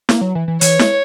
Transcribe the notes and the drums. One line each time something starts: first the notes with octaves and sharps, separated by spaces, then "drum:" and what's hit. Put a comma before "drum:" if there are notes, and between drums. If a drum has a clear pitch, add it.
A#3, drum: snare
F#3
E3
E3
E3 C#5, drum: hi-hat
G#3, drum: snare